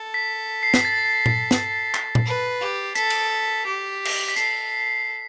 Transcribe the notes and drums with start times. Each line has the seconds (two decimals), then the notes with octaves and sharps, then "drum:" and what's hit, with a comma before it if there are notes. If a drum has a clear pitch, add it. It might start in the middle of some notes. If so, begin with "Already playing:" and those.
Already playing: A4
0.14 B6
0.63 C7
0.74 B6, drum: snare
0.85 A6
1.26 drum: tom A#2
1.51 drum: snare
1.94 drum: clap
2.15 drum: tom A#2
2.26 B4
2.60 G4
2.95 A4 B6, drum: hi-hat
3.10 drum: cymbal
3.66 G4
4.05 drum: cymbal
4.29 B6
4.36 A4 C7, drum: hi-hat